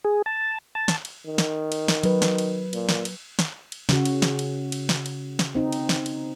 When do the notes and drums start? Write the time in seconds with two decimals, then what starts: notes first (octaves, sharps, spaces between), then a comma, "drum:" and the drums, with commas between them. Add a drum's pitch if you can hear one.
0.04 G#4
0.26 A5
0.75 A5
0.88 drum: snare
1.05 drum: cymbal
1.26 D#3
1.38 drum: snare
1.72 drum: cymbal
1.88 drum: snare
2.03 F#3 B4, drum: cymbal
2.22 drum: snare
2.38 drum: cymbal
2.73 A#2, drum: cymbal
2.89 drum: snare
3.05 drum: cymbal
3.39 drum: snare
3.72 drum: cymbal
3.89 C#3 F#4, drum: snare
4.05 drum: cymbal
4.22 drum: snare
4.39 drum: cymbal
4.72 drum: cymbal
4.89 drum: snare
5.06 drum: cymbal
5.39 drum: snare
5.55 C4 D#4
5.73 drum: cymbal
5.89 drum: snare
6.06 drum: cymbal